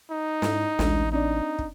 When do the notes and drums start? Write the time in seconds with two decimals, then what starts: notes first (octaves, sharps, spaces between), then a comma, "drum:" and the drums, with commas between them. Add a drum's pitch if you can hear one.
0.11 D#4
0.42 G#2 E4, drum: snare
0.79 A1 D2 G#3 D4, drum: snare
1.12 C4 D4 D#4 D5
1.59 drum: kick